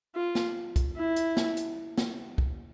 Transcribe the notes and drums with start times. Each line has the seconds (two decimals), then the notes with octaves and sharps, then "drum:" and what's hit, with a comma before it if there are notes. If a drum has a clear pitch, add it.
0.15 F4
0.35 drum: snare
0.76 drum: kick, hi-hat
0.96 E4
1.16 drum: hi-hat
1.37 drum: snare
1.57 drum: hi-hat
1.98 drum: snare
2.38 drum: kick